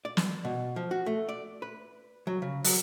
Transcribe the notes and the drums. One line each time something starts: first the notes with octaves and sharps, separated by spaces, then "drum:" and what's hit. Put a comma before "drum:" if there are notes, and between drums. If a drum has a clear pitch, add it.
D5
drum: snare
B2
F3
F#4
A3
D5
B4
F#3
C#3
F#3, drum: open hi-hat